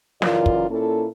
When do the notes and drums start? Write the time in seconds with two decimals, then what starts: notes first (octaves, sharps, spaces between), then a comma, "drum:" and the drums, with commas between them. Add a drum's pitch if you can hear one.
0.22 F#2 C#3 E3 F4 A#4 D5, drum: snare
0.46 drum: kick
0.70 A#2 A#3 C#4 E4 A4